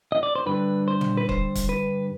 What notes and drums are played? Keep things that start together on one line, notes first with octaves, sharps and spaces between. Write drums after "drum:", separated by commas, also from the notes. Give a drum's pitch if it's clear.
D#5
D5
C5
G2 D3 G3 B4
C5
drum: tom
B4
C5, drum: kick C#1
drum: kick C#1, hi-hat
B4